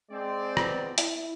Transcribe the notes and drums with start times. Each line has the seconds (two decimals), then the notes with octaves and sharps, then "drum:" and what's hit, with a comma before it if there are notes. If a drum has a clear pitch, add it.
0.10 G#3 C4 D5
0.57 B3, drum: rim click
0.98 E4, drum: hi-hat